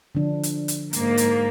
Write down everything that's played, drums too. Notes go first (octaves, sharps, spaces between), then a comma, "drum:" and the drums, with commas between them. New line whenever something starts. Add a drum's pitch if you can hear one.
D3 F3 D4
drum: hi-hat
drum: hi-hat
G#2 A#3, drum: hi-hat
drum: hi-hat